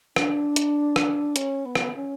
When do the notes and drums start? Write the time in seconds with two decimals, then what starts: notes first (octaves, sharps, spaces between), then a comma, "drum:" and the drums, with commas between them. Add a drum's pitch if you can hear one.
0.16 D4, drum: rim click
0.56 drum: hi-hat
0.96 drum: rim click
1.36 C#4, drum: hi-hat
1.65 B3
1.75 drum: rim click
1.95 C#4